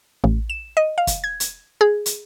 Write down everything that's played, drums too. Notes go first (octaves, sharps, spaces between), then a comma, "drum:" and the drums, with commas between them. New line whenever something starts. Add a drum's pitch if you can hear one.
A1
E7
D#5
F5
drum: kick, hi-hat
G#6
drum: hi-hat
G#4
drum: hi-hat